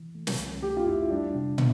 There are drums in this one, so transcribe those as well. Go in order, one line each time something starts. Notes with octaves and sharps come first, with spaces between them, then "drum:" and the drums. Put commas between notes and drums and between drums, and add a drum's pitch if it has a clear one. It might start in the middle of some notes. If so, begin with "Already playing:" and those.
Already playing: E3
A3
drum: snare
C2
A3 G4
F4
F2 E4
G3 D4
C3
B3, drum: tom